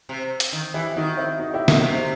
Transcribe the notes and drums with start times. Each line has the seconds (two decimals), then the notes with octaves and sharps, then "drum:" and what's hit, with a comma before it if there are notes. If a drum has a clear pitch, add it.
0.09 C3
0.40 drum: hi-hat
0.52 D#3
0.74 E3 E4 G4
0.96 D#3 D#4 F#4
1.17 C4 E4
1.39 D#4 F#4
1.53 E4 G4
1.68 D#4 F#4, drum: snare
1.83 C3